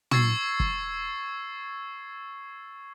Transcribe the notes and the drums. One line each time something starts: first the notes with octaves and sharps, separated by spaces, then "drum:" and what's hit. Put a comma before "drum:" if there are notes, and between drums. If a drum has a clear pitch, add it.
C#6 E6 G#6 A6 C7, drum: tom
drum: kick